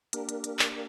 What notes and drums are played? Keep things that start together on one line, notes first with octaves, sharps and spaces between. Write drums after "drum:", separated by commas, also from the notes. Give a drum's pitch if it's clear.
A#3 D4 G4 A#4, drum: hi-hat
drum: hi-hat
drum: hi-hat
drum: clap